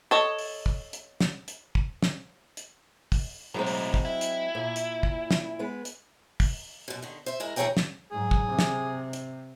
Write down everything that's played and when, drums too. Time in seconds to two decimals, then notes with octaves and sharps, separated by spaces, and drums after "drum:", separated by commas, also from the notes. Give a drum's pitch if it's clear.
0.11 A4 C#5 D#5
0.39 drum: open hi-hat
0.66 drum: kick
0.93 drum: hi-hat
1.21 drum: snare
1.48 drum: hi-hat
1.75 drum: kick
2.03 drum: snare
2.57 drum: hi-hat
3.12 drum: kick, open hi-hat
3.54 B1 A2 F#3 G#3 C4
3.67 drum: open hi-hat
3.94 drum: kick
4.05 E4
4.21 drum: hi-hat
4.55 A#2
4.76 drum: hi-hat
5.03 drum: kick
5.31 drum: snare
5.59 G#3 B3 B4
5.85 drum: hi-hat
6.40 drum: kick, open hi-hat
6.88 F#2 B2
7.02 D3 D#3
7.26 C5 E5
7.40 E2 G#3 E4 A#4
7.56 D2 E3 G#4 C#5 G5 A#5
7.77 drum: snare
8.12 G#2 F#3 G#4
8.31 drum: kick
8.49 C3
8.59 drum: snare
9.13 drum: hi-hat